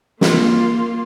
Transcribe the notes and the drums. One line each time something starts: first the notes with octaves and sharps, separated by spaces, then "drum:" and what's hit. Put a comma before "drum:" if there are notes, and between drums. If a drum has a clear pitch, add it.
A#3 F4, drum: snare